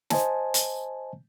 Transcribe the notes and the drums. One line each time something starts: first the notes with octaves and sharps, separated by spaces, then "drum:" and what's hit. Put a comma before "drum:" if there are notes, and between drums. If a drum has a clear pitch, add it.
C5 D#5 G#5 A5, drum: snare
drum: hi-hat